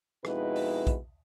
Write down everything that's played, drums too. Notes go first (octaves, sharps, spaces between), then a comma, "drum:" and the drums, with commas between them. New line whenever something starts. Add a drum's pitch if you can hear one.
F2 B2 G#3 D#4 E4 B4, drum: rim click
drum: open hi-hat
drum: kick A#1, hi-hat